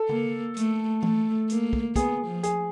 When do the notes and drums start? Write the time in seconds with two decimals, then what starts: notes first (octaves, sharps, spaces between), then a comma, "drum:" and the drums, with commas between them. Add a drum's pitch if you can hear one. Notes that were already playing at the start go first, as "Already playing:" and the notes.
Already playing: A4
0.09 A#3, drum: tom C#3
0.56 A3, drum: hi-hat
1.03 A3, drum: tom E3
1.49 A#3, drum: hi-hat
1.73 drum: kick
1.96 B3 G#4, drum: kick, hi-hat
2.27 F3
2.43 G#4, drum: hi-hat